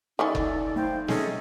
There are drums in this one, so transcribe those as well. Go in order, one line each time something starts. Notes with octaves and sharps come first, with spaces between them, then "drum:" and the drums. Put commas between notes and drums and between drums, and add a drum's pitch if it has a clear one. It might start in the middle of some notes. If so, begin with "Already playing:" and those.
D#3 E3 C#4 D#4 A4 D5
drum: kick F#1
A2 C5 F5 G5
C3 G#3 C#4 G#4 A4 D#5, drum: snare